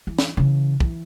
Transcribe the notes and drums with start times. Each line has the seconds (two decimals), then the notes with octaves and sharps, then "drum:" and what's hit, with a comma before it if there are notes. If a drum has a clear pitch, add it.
0.07 E3
0.18 drum: snare
0.37 C#3 E3
0.80 E3, drum: kick